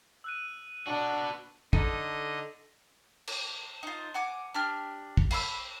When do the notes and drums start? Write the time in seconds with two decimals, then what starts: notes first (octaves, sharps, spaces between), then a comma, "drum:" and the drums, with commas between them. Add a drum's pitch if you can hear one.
0.24 E6 F#6 D#7
0.87 B3 D4 F#4
1.73 D3 D#4 A4 D#5, drum: kick
3.27 drum: cymbal
3.83 D#4 F4
4.14 F#5 G#5 D6
4.54 D4 G4 F6
5.17 drum: kick
5.31 F5 B5 C6 E6, drum: cymbal